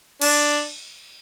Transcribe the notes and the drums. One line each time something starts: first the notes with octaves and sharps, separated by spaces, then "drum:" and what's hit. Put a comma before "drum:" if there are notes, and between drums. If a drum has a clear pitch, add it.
D4, drum: cymbal